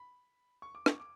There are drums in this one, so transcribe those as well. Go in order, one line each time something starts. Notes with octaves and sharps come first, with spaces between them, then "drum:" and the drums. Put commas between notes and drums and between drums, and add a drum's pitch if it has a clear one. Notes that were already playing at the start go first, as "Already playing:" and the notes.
Already playing: B5
C#6
D6
C#6, drum: rim click
D6